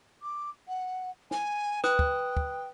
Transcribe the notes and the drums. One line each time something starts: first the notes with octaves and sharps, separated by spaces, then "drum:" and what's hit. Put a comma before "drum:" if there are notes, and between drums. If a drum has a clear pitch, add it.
D6
F#5
G#5, drum: snare
B4 G5 D#6 F#6, drum: snare
drum: kick
drum: kick